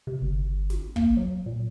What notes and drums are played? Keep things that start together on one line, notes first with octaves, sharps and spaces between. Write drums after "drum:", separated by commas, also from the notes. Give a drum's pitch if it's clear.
C3
G1
drum: snare
A#3, drum: kick
F#3
A#2